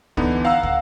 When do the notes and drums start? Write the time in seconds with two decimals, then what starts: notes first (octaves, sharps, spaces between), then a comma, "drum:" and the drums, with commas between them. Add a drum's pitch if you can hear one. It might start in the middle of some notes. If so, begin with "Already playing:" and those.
0.17 D3 E3 B3 D#4, drum: kick
0.45 F5 F#5 A#5 E6
0.63 drum: kick